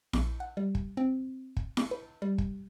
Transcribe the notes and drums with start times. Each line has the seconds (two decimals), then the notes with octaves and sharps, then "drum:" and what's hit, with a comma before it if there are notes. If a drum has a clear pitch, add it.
0.13 A#1, drum: snare E4
0.40 F#5
0.57 G3
0.75 drum: kick
0.97 C4
1.57 drum: kick
1.77 drum: snare E4
1.91 B4
2.22 G3
2.38 drum: kick